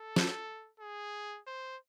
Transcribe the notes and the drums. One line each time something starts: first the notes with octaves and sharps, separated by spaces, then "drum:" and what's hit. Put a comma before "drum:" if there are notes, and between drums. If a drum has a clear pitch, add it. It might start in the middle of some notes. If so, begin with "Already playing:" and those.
Already playing: A4
drum: snare
G#4
C5